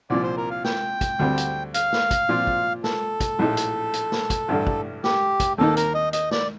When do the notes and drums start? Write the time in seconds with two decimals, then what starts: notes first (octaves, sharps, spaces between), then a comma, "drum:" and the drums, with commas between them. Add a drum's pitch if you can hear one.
0.10 C2 A#2 F3 D5
0.23 C5
0.37 A#4
0.51 F5
0.64 G5, drum: snare
1.01 drum: kick, hi-hat
1.19 D2 D3 G3 C4
1.38 drum: hi-hat
1.74 F5, drum: hi-hat
1.92 drum: snare
2.11 drum: kick, hi-hat
2.29 A#2 F3 C4 F4
2.47 drum: kick
2.84 A4, drum: snare
3.20 drum: kick, hi-hat
3.39 A#1 A2 A3 D#4
3.57 drum: hi-hat
3.94 drum: hi-hat
4.12 drum: snare
4.30 drum: kick, hi-hat
4.48 A1 G2 D3 A3 D4
4.67 drum: kick
5.04 G4, drum: snare
5.40 drum: kick, hi-hat
5.58 D#2 D#3 A#3 D#4 A4
5.77 A#4, drum: hi-hat
5.94 D#5
6.13 D#5, drum: hi-hat
6.31 D5, drum: snare